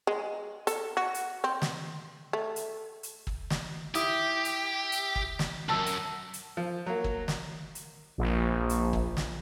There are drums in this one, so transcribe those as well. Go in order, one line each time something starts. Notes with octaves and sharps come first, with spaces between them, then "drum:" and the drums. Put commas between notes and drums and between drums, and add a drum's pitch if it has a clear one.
G#3
A4, drum: hi-hat
F#4
drum: hi-hat
C4
drum: snare
A3
drum: hi-hat
drum: hi-hat
drum: kick
drum: snare
E4 G4 D6 D#6, drum: hi-hat
drum: hi-hat
drum: hi-hat
drum: kick
drum: snare
C2 F#2 A5 E6
drum: hi-hat
drum: hi-hat
F3
F#3 A#3
drum: kick
drum: snare
drum: hi-hat
A#1
drum: hi-hat
drum: kick
drum: snare